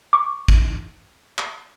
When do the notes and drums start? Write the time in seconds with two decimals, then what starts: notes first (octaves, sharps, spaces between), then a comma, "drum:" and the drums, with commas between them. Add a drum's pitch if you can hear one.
0.13 C#6 D6
0.48 drum: kick
1.38 drum: clap